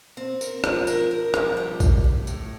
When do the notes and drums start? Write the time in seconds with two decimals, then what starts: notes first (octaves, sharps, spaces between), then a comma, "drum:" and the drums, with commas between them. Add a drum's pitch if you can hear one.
0.17 C4
0.41 A#4, drum: tambourine
0.64 F3, drum: rim click
0.87 A#4, drum: tambourine
1.11 A#4
1.34 F3, drum: rim click
1.57 G3
1.80 A2, drum: kick A#1, tambourine
2.04 A2
2.27 A2, drum: tambourine